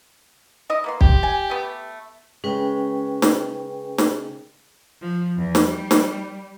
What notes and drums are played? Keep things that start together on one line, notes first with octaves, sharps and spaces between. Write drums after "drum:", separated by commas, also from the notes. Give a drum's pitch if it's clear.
E4 D#5
A#3 B3 C6
G4, drum: kick
G#5
A3 B3
C#3 G#3 C#4 B4 G5
drum: snare
drum: snare
F3
E2
drum: snare
G3
drum: snare